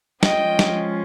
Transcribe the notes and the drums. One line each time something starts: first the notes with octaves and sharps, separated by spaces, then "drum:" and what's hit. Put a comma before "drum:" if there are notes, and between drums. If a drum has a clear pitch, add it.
F3 G#3 C#4 F4 D#5 G5, drum: snare
drum: snare